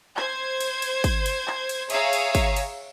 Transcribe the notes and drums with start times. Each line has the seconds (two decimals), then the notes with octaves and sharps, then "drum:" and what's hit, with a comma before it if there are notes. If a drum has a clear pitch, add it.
0.17 C5 G#6, drum: clap
0.60 drum: cymbal
0.82 drum: cymbal
1.04 drum: kick, cymbal
1.26 drum: cymbal
1.48 drum: clap
1.69 drum: cymbal
1.90 G#4 C#5 E5 F5 A#5, drum: cymbal
2.13 drum: cymbal
2.35 drum: kick, cymbal
2.56 drum: cymbal